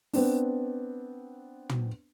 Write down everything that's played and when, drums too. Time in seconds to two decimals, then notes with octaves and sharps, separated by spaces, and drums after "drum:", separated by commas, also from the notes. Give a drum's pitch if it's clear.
0.13 B3 C4 D4, drum: open hi-hat
1.69 drum: tom